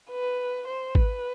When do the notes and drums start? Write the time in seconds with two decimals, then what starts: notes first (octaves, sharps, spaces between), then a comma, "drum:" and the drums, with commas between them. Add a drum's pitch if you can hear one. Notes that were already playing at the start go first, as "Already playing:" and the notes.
0.11 B4
0.67 C5
0.95 B4, drum: kick G#1